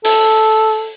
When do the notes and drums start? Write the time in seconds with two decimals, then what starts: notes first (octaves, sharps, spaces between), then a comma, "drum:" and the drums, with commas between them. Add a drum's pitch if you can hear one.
0.05 A4, drum: open hi-hat